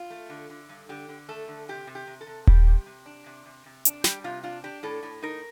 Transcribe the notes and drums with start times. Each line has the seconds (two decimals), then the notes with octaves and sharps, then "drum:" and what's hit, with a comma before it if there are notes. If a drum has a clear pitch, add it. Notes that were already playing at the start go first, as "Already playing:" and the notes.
Already playing: F4
0.10 A3
0.30 D3
0.50 D3
0.69 G2
0.89 D3 G4
1.09 D3
1.29 A3 A4
1.48 D3
1.68 C3 G4
1.87 C3
1.95 G4
2.07 C3
2.21 A4
2.27 C3
2.48 G3 G4, drum: kick D#1
2.67 C3
2.86 C3
3.06 D4
3.26 C3
3.46 C3
3.66 C3
3.85 D4, drum: hi-hat
4.04 G3 G4, drum: snare
4.24 C3 F4
4.43 D4 F4
4.64 D4 G4
4.83 A2 A4
5.03 A2
5.22 D#4 A#4